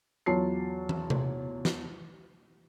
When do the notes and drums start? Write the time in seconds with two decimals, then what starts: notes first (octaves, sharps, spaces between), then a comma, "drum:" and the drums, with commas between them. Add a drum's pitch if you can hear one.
0.26 E2 F#3 F4 C#5 A5 C7
0.89 drum: tom
1.10 drum: tom C3
1.65 drum: snare